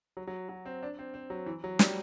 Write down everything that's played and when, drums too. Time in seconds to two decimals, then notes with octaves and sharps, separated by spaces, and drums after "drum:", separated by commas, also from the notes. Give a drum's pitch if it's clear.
0.17 F#3
0.27 F#3
0.49 F#3
0.66 C4
0.83 D4
0.99 C4
1.14 C4
1.30 F#3
1.46 E3
1.64 F#3
1.79 G3, drum: snare